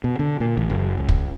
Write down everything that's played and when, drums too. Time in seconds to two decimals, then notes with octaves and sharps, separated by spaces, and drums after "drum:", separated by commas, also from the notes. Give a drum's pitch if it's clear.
0.04 B2
0.19 D3
0.40 A#2
0.57 A1
0.70 F#1
0.98 C#2
1.09 drum: kick